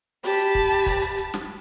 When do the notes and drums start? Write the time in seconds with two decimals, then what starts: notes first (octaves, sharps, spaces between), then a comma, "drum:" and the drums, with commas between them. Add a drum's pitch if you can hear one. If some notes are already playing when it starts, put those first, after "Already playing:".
0.23 G4 A5 B5, drum: open hi-hat
0.39 drum: hi-hat
0.55 drum: kick
0.71 drum: hi-hat
0.86 drum: kick, open hi-hat
1.02 drum: hi-hat
1.18 drum: hi-hat
1.34 drum: snare